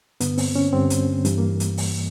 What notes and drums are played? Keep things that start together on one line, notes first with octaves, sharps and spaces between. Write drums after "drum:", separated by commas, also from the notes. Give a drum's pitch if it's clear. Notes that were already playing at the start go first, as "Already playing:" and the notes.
G2 D3 B3, drum: hi-hat
C4, drum: open hi-hat
C#4
G2 D3 C4
drum: hi-hat
G2 E3, drum: hi-hat
A#3
drum: hi-hat
drum: open hi-hat